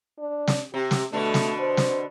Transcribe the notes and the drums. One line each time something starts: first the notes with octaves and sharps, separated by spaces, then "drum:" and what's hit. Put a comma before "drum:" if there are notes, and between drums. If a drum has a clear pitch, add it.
D4
drum: snare
C3 G4
drum: snare
B2 D3 A3 D4
drum: snare
C5
drum: snare